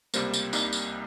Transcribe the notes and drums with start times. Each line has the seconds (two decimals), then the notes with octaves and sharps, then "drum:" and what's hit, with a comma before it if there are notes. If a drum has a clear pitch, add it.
0.14 C#2 C3 G3 A#3 C5, drum: tambourine
0.34 drum: tambourine
0.53 C2 C3 G3 A#3 D#4, drum: tambourine
0.73 drum: tambourine